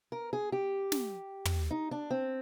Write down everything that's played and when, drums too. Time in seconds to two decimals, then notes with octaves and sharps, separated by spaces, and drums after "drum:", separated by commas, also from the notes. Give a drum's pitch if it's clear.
0.12 A#4
0.33 G#4
0.52 G4
0.92 drum: snare
1.45 drum: tom
1.71 D#4
1.91 D4
2.10 C4